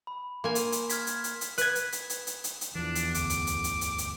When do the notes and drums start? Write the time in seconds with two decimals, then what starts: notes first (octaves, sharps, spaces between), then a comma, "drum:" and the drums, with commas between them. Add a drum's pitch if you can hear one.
0.07 B5
0.44 A#3 G#5 C6
0.55 drum: hi-hat
0.72 drum: hi-hat
0.89 F6 G#6 B6, drum: hi-hat
1.07 drum: hi-hat
1.24 drum: hi-hat
1.41 drum: hi-hat
1.58 B4 G#6, drum: hi-hat
1.75 drum: hi-hat
1.92 drum: hi-hat
2.10 drum: hi-hat
2.27 drum: hi-hat
2.44 drum: hi-hat
2.61 drum: hi-hat
2.75 E2 E3 F3 D4
2.95 drum: hi-hat
3.14 G1 D2 D6, drum: hi-hat
3.30 drum: hi-hat
3.47 drum: hi-hat
3.64 drum: hi-hat
3.81 drum: hi-hat
3.98 drum: hi-hat